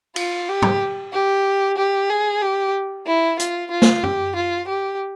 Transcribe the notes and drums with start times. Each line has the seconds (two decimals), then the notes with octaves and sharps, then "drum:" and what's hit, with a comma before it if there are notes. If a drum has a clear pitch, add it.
0.16 F4, drum: cymbal
0.48 G4
0.62 drum: tom
1.13 G4
1.77 G4
2.10 G#4
2.42 G4
3.06 E4
3.40 F4, drum: hi-hat
3.71 F4
3.82 drum: snare
4.03 G4, drum: tom F#2
4.36 F4
4.68 G4